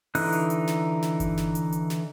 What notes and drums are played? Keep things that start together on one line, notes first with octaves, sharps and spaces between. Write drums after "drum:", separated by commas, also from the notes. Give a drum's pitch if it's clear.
D3 E3 D#4 F#6, drum: open hi-hat
drum: hi-hat
drum: hi-hat
drum: snare
drum: snare
drum: kick G1, hi-hat
drum: snare
drum: hi-hat
drum: hi-hat
drum: snare